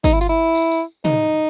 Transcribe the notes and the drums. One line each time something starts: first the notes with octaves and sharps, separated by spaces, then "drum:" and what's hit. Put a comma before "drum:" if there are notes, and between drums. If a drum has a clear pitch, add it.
D#4, drum: kick, tambourine
E4
F4, drum: tambourine
E4
drum: tambourine
drum: tambourine
D#4, drum: tom